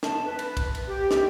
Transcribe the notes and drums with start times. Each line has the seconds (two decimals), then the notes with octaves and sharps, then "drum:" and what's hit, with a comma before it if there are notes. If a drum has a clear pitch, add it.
0.03 A5, drum: snare
0.25 B4
0.39 drum: cymbal
0.57 drum: kick, cymbal
0.75 drum: cymbal
0.87 G4
1.11 drum: snare